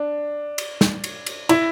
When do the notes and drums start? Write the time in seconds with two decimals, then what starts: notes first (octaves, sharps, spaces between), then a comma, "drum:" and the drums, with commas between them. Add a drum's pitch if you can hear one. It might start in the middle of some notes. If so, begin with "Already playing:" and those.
Already playing: D4
0.58 drum: cymbal
0.81 drum: snare
1.04 drum: cymbal
1.26 drum: cymbal
1.49 E4, drum: cymbal